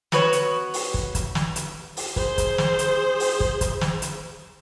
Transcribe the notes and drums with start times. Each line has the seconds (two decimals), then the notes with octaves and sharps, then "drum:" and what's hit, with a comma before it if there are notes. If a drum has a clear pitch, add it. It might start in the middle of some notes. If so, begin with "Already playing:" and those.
0.12 B3 F#4 B4 C#5, drum: snare
0.33 drum: hi-hat
0.74 drum: open hi-hat
0.94 drum: kick
1.15 drum: kick, hi-hat
1.35 drum: snare
1.56 drum: hi-hat
1.97 drum: open hi-hat
2.16 G#4 C5, drum: kick
2.38 drum: kick, hi-hat
2.58 drum: snare
2.79 drum: hi-hat
3.20 drum: open hi-hat
3.40 drum: kick
3.61 drum: kick, hi-hat
3.81 drum: snare
4.02 drum: hi-hat